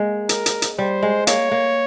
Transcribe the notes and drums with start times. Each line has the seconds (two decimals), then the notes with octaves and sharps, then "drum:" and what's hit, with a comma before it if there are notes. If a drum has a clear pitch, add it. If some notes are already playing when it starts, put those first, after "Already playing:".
Already playing: G#3 A#3
0.29 A#4, drum: hi-hat
0.46 drum: hi-hat
0.62 drum: hi-hat
0.78 G3 C5
1.02 G#3
1.27 A#3 C#5, drum: hi-hat
1.51 A#3